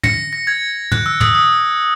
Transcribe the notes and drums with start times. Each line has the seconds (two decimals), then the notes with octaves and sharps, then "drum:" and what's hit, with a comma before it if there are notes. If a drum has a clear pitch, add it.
0.03 A#6 C#7, drum: tom
0.33 A#6
0.47 G#6
0.92 F#6, drum: tom
1.06 E6
1.20 D#6, drum: tom
1.35 D#6